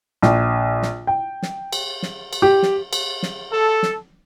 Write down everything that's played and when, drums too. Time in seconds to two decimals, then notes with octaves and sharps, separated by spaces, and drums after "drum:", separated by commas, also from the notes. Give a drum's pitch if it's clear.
0.22 A#1, drum: snare
0.82 drum: snare
1.07 G5
1.43 drum: snare
1.73 drum: cymbal
2.03 drum: snare
2.33 drum: cymbal
2.42 G4
2.63 drum: snare
2.93 drum: cymbal
3.23 drum: snare
3.53 A4
3.83 drum: snare